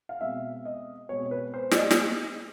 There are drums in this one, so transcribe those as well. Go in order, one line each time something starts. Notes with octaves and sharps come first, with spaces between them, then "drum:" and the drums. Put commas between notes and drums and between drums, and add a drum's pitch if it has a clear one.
F5
B2 G#3 C4 E5
D#5
B2 G#3 C4 C#5
B4
C5
D5, drum: snare
D#5
drum: snare